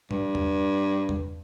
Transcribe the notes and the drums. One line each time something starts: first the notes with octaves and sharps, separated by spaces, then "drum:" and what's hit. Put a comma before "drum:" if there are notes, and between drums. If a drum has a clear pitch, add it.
G2, drum: tom G#2
drum: tom E2
drum: tom E2